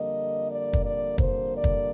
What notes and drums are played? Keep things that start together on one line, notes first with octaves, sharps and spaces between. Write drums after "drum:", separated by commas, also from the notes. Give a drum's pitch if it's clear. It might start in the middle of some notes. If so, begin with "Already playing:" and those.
Already playing: F2 D3 G3 A#3 D#5
D5
drum: kick
D5
C5, drum: kick
D5
drum: kick